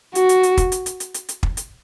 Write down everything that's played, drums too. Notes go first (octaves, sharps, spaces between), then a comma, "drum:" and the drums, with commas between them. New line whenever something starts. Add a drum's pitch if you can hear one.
F#4, drum: hi-hat
drum: hi-hat
drum: hi-hat
drum: kick, hi-hat
drum: hi-hat
drum: hi-hat
drum: hi-hat
drum: hi-hat
drum: hi-hat
drum: kick
drum: hi-hat